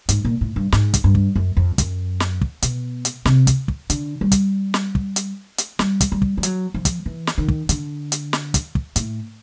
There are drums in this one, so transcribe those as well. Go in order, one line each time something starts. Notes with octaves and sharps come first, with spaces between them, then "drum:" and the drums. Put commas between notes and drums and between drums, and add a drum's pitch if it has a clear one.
G#2, drum: hi-hat
A#2
A2
G2
G#2, drum: snare
drum: kick, hi-hat
G2
drum: kick
F#2
F2
F#2, drum: kick, hi-hat
drum: snare
drum: kick
B2, drum: hi-hat
drum: hi-hat
C3, drum: snare
drum: kick, hi-hat
drum: kick
D3, drum: hi-hat
G3
drum: kick, hi-hat
drum: snare
drum: kick
drum: hi-hat
drum: hi-hat
G3, drum: snare
drum: kick, hi-hat
G3
drum: kick
G3
F#3, drum: hi-hat
F3
drum: kick, hi-hat
E3
drum: snare
D#3
drum: kick
D3, drum: hi-hat
drum: hi-hat
drum: snare
drum: kick, hi-hat
drum: kick
A2, drum: hi-hat